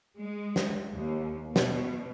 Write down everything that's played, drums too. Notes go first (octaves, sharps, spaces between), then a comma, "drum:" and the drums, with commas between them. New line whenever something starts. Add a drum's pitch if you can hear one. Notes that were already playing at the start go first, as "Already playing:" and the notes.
G#3
drum: snare
D#2
B2, drum: snare